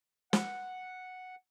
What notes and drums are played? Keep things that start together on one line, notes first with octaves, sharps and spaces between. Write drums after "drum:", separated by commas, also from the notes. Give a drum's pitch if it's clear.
F#5, drum: snare